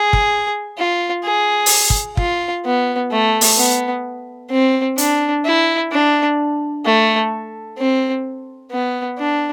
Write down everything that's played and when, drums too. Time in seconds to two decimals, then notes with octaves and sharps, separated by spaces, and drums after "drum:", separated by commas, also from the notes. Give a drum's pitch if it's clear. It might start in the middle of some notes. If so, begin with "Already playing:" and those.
Already playing: G#4
0.13 drum: kick
0.78 F4
1.24 G#4
1.66 drum: open hi-hat
1.90 drum: kick
2.17 F4, drum: kick
2.65 B3
3.11 A3
3.41 drum: open hi-hat
3.57 B3
4.51 C4
4.98 D4, drum: hi-hat
5.45 E4
5.91 D4
6.85 A3
7.78 C4
8.71 B3
9.18 D4